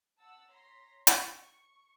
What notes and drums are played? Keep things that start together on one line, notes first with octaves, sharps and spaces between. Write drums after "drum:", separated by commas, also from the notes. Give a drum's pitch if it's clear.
F#5 A5 E6
C#5 A#5 C6 A#6 B6
C#6, drum: hi-hat